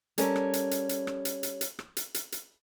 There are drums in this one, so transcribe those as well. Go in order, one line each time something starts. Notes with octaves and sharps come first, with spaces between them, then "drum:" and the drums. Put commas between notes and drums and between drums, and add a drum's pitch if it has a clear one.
G3 C#4 A4 A#4 C#5, drum: hi-hat
drum: rim click
drum: hi-hat
drum: hi-hat
drum: hi-hat
drum: rim click
drum: hi-hat
drum: hi-hat
drum: hi-hat
drum: rim click
drum: hi-hat
drum: hi-hat
drum: hi-hat